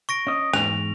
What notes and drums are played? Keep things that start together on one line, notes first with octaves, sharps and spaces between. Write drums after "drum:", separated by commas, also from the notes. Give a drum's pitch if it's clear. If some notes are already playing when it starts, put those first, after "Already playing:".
C#6 A#6 D7
C#4 D#5
E2 G#2 F7, drum: rim click